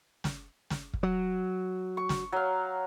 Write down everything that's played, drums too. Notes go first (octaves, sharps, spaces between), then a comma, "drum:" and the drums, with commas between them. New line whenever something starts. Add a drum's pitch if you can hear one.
drum: snare
drum: snare
drum: kick
F#3
C#6
drum: snare
F#3 F5